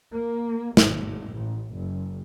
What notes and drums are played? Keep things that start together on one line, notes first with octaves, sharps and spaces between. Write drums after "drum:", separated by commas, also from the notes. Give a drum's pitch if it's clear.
A#3
G#1, drum: snare
A1
F#1